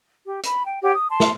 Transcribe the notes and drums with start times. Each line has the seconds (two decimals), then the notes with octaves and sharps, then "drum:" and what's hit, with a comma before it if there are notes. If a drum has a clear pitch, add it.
0.24 G4
0.43 B5, drum: hi-hat
0.66 G5
0.82 G4 C#5 F#5
0.94 D#6
1.09 A5 C6
1.20 drum: snare